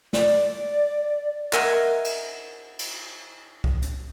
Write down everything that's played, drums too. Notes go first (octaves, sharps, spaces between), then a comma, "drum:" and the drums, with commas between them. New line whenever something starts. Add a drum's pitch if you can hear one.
D5, drum: snare
drum: open hi-hat
A#4 D#5 E5 F#5 G#5, drum: clap
drum: cymbal
drum: cymbal
drum: kick C2
drum: hi-hat